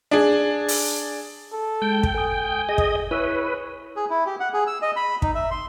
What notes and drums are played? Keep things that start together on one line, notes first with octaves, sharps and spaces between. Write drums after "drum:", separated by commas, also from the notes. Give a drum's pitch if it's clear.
D4 G#4
drum: open hi-hat
A4
G#3 G5
drum: kick
A4 G#5 D#6
G#4 D#5
drum: kick
E4 B4 C#5 E6
G#4
E4
G4
F#5
G#4
E6
D#5
B5
D#4, drum: kick
E5
C6